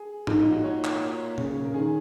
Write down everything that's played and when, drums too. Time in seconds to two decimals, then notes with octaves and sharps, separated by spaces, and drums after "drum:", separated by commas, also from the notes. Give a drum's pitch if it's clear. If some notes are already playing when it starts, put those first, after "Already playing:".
Already playing: G#4
0.27 G#2 D#4, drum: tom G#2
0.39 D#4
0.46 A#2
0.51 F#4
0.64 C#5
0.84 drum: clap
1.01 C#5
1.38 C#3, drum: tom A#2
1.65 A#4
1.74 D#3 G#4